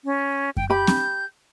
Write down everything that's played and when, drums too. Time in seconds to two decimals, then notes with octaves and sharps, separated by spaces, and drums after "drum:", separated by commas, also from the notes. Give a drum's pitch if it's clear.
0.05 C#4
0.57 G5, drum: kick F#2
0.70 G4 B5 G6
0.87 drum: snare C4